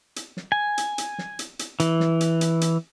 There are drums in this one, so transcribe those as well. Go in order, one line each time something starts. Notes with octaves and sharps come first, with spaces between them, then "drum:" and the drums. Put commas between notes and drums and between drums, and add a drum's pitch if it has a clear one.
drum: hi-hat
drum: snare
G#5
drum: hi-hat
drum: hi-hat
drum: snare
drum: hi-hat
drum: hi-hat
E3, drum: hi-hat
drum: snare
drum: hi-hat
drum: hi-hat
drum: hi-hat